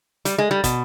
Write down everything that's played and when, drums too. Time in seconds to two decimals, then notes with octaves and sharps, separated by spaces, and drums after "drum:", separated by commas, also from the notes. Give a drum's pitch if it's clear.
0.25 G3, drum: hi-hat
0.38 G#3
0.51 G3
0.64 B2, drum: kick, hi-hat